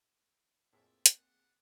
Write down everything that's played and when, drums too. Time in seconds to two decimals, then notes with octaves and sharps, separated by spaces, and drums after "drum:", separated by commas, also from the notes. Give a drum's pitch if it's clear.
0.73 F2 A2 A#3 C4 G#4 D5 E5
1.06 D4 F#5, drum: hi-hat